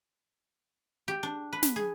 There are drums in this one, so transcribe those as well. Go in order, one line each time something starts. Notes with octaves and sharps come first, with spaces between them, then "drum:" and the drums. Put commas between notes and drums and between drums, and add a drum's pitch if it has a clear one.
G4
D4
B4
drum: snare
G#4